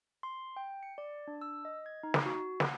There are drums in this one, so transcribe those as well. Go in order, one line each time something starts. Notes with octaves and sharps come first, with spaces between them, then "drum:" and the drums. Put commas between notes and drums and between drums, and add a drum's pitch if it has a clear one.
C6
G5
C#7
D5
D4
E6
D#5
G#6
D#4
drum: snare
F#4
F#5, drum: snare